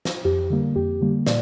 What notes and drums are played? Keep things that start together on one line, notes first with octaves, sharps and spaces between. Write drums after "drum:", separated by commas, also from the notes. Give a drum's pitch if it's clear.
drum: snare
F2 G4
D3 G3 A#3
F2 G4
D3 G3 A#3
A#2 D5, drum: snare